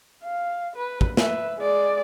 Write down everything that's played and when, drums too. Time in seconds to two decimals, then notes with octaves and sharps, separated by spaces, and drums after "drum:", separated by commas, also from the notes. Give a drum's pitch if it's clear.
0.23 F5
0.76 B4
1.01 drum: kick
1.17 B4 E5, drum: snare
1.58 G#3 D5